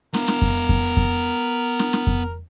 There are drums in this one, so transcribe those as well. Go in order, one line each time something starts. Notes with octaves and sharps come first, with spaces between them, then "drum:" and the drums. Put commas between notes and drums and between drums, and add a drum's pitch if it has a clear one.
B3 A#4 F5, drum: snare
drum: snare
drum: kick F2
drum: kick F2
drum: kick F2
drum: snare
drum: snare
drum: kick F2